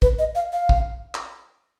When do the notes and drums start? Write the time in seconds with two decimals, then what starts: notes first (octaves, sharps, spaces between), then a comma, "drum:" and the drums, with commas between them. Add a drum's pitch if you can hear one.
0.02 B4, drum: kick
0.19 D#5
0.35 F5
0.53 F5
0.69 drum: kick
1.15 drum: clap